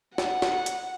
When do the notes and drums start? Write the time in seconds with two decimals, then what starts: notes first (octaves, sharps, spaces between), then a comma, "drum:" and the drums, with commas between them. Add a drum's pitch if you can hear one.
0.18 F#5, drum: snare
0.42 drum: snare
0.66 drum: hi-hat